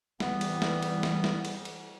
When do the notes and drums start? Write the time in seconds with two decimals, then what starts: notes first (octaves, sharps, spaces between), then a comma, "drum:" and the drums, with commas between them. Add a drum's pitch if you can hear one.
0.20 E3 G3 B3, drum: snare
0.41 drum: cymbal
0.62 drum: snare
0.82 drum: cymbal
1.03 drum: snare
1.24 drum: snare
1.45 drum: cymbal
1.65 drum: cymbal